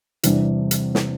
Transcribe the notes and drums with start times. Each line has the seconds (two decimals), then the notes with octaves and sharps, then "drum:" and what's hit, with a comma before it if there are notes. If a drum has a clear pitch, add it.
0.23 E2 C3 G3 D4, drum: hi-hat
0.71 drum: hi-hat
0.95 drum: snare